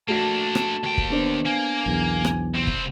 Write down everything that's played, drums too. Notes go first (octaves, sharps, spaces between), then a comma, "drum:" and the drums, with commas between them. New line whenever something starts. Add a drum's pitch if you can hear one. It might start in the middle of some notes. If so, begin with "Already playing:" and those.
A3 A#3 D4 F#4 A5 A#6
drum: rim click
D#2 G5
drum: kick
B3 D4 C5
A#3 G#5
B1 E2
drum: rim click
C2 C4
drum: kick